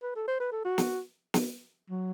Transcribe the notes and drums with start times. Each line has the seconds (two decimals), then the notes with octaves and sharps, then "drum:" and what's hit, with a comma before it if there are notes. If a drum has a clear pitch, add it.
0.03 B4
0.16 A4
0.27 C5
0.40 B4
0.52 A4
0.65 F#4
0.78 drum: snare
1.34 drum: snare
1.90 F#3